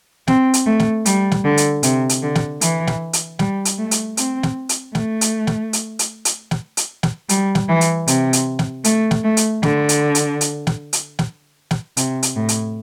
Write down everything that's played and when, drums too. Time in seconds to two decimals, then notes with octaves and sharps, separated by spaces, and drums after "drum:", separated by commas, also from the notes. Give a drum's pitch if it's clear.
0.27 C4, drum: snare
0.54 drum: hi-hat
0.66 A3
0.80 drum: snare
1.06 G3, drum: hi-hat
1.31 drum: snare
1.45 D3
1.57 drum: hi-hat
1.83 C3, drum: hi-hat
2.09 drum: hi-hat
2.23 D3
2.35 drum: snare
2.61 E3, drum: hi-hat
2.87 drum: snare
3.13 drum: hi-hat
3.39 G3, drum: snare
3.65 drum: hi-hat
3.78 A3
3.91 drum: hi-hat
4.17 C4, drum: hi-hat
4.43 drum: snare
4.69 drum: hi-hat
4.95 A3, drum: snare
5.21 drum: hi-hat
5.47 drum: snare
5.73 drum: hi-hat
5.99 drum: hi-hat
6.25 drum: hi-hat
6.51 drum: snare
6.77 drum: hi-hat
7.03 drum: snare
7.29 G3, drum: hi-hat
7.55 drum: snare
7.69 E3
7.81 drum: hi-hat
8.08 C3, drum: hi-hat
8.33 drum: hi-hat
8.59 drum: snare
8.84 A3, drum: hi-hat
9.11 drum: snare
9.24 A3
9.37 drum: hi-hat
9.63 D3, drum: snare
9.89 drum: hi-hat
10.15 drum: hi-hat
10.41 drum: hi-hat
10.67 drum: snare
10.93 drum: hi-hat
11.19 drum: snare
11.71 drum: snare
11.97 C3, drum: hi-hat
12.23 drum: hi-hat
12.36 A2
12.49 drum: hi-hat